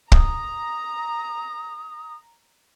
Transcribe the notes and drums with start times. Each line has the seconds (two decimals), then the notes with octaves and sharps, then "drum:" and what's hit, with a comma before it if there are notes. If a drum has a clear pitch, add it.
0.12 A#5 D#6, drum: kick